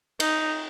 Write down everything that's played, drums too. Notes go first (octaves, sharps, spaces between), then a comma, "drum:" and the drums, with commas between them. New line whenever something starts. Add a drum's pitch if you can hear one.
D#4, drum: cymbal